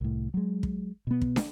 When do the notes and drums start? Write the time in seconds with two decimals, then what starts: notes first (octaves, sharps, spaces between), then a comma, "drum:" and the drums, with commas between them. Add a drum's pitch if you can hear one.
0.01 C2 A2
0.34 F#3 G#3
0.63 drum: kick
1.07 B2 B3
1.21 drum: kick
1.36 drum: snare